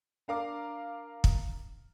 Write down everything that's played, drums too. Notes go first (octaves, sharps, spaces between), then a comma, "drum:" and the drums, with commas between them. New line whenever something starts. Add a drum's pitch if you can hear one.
D4 A#4 F5 A#5 D6
drum: kick